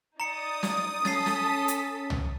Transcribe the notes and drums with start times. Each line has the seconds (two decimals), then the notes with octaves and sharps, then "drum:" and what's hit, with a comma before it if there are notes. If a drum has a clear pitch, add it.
0.20 D#4 D5 A#5 D#6 A6 C#7
0.63 drum: snare
1.05 C#4 A4 A5 A6 B6 C7, drum: snare
1.26 drum: snare
1.68 drum: hi-hat
2.10 drum: tom